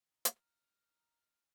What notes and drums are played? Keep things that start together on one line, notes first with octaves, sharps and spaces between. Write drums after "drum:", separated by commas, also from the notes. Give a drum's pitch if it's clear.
D#4
D#4 A#5 F6, drum: hi-hat